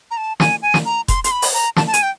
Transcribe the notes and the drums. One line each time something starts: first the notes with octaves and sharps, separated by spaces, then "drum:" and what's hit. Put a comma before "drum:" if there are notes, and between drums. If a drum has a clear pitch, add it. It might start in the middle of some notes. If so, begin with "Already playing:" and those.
A#5
A5
G#5, drum: snare
G#5
drum: snare
A#5
C6, drum: kick F1, hi-hat
C6, drum: hi-hat
B5
drum: open hi-hat
A#5
A5, drum: snare
A5
G#5, drum: hi-hat
G5